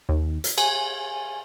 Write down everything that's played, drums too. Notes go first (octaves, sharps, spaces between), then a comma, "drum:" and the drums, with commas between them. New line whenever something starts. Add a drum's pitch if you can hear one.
D#2
drum: hi-hat
G#5, drum: cymbal